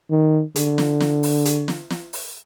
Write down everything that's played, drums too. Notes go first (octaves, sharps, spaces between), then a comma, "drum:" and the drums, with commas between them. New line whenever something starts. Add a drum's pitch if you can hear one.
D#3
D3, drum: hi-hat
drum: snare
drum: snare
drum: open hi-hat
drum: hi-hat
drum: snare
drum: snare
drum: open hi-hat